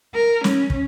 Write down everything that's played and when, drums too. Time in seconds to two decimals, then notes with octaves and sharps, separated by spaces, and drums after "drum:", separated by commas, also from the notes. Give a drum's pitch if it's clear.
0.14 A#4
0.44 C#4, drum: snare
0.70 drum: kick